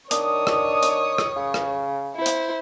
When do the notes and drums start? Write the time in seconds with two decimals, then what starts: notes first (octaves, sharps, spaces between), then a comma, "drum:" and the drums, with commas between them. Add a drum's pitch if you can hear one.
0.11 D#3 D4 C#5 D#6, drum: hi-hat
0.47 drum: rim click
0.83 drum: hi-hat
1.18 drum: rim click
1.37 C#3
1.54 drum: rim click
2.16 E4 C5
2.26 drum: hi-hat